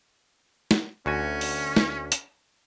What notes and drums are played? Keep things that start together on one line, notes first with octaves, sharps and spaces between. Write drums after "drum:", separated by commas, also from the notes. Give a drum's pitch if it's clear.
drum: snare
D2 C#4 F#4 G#5
drum: open hi-hat
drum: snare
drum: hi-hat